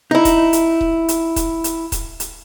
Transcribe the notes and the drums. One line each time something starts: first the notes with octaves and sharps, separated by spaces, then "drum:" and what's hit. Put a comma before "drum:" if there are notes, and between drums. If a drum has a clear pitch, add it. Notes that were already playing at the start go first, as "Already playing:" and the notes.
D#4 E4
drum: kick D#1, hi-hat
drum: hi-hat
drum: kick D#1
drum: hi-hat
drum: kick D#1, hi-hat
drum: hi-hat
drum: kick D#1, hi-hat
drum: hi-hat